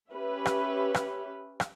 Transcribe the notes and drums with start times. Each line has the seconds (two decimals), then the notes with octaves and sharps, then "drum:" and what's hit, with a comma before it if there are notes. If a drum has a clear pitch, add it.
0.13 C#4 G4 B4 E5
0.45 drum: rim click
0.94 drum: rim click
1.60 drum: rim click